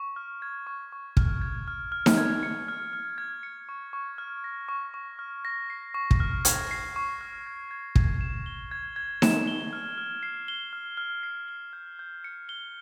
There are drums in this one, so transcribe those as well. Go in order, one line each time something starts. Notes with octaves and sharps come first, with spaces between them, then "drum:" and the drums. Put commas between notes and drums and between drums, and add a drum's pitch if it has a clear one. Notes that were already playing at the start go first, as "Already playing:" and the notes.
Already playing: C#6
F6
G#6
C#6
C#6
F6, drum: kick
G#6
F6
F6
drum: snare D#4
G#6
C#7
F6
F6
G#6
C#7
C#6
C#6
F6
A#6
C#6
C#6
F6
A#6
C7
C#6
drum: kick
F6
G#6, drum: hi-hat
C7
C#6
F6
G#6
G#6
G#6, drum: kick
E7
G7
G#6
G#6
E7, drum: snare D#4
G7
F6
F6
C7
G7
F6
F6
C7
G7
G6
G6
C#7
G7